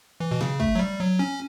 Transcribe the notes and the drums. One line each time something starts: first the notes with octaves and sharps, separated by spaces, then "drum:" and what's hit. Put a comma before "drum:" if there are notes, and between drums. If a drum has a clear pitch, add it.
E3
B2
C#3, drum: snare
A3, drum: kick
F#3
G3
F#3
C#4